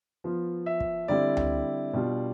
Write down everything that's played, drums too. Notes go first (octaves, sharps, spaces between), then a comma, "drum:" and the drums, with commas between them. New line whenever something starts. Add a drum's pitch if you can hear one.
F3 B3 F4
E5
drum: kick
D3 G3 C4 E4 D5
drum: tom C#2
B2 G3 D4 F4